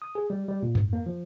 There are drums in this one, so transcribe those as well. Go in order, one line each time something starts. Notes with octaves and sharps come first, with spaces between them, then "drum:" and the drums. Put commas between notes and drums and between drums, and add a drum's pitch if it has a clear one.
D#6
G#4
G3
G3
A#2
G#2, drum: tom F2
A#3
F3